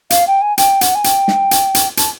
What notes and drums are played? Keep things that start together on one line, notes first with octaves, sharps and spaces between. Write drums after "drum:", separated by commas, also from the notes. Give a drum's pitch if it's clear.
F5, drum: hi-hat
G5
G#5
G5, drum: hi-hat
F#5, drum: hi-hat
G#5
G5, drum: hi-hat
drum: snare
drum: hi-hat
drum: hi-hat
A5, drum: hi-hat